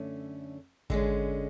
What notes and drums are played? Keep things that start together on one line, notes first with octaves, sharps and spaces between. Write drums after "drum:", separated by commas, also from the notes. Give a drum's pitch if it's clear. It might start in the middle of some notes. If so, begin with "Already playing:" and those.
Already playing: F#2 D3 A3 C#4
D3 G#3 C#4, drum: kick G#1